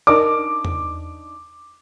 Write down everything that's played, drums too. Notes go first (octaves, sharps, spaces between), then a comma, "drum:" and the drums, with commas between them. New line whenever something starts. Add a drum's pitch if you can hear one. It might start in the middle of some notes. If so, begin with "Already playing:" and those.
D4 D#4 A#4 D6
drum: tom E2